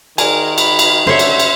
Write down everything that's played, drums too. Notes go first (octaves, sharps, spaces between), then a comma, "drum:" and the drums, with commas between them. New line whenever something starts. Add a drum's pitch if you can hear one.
D#3 G#4 A#4 D5 G#5, drum: cymbal
B5, drum: cymbal
drum: cymbal
D3 C#4 G4 C5 C#5 E5
drum: cymbal
drum: cymbal